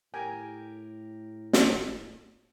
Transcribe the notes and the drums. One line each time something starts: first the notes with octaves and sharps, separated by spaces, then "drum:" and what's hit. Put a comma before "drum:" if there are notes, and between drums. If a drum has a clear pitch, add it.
A2 G4 A#4 G5 G#5
drum: snare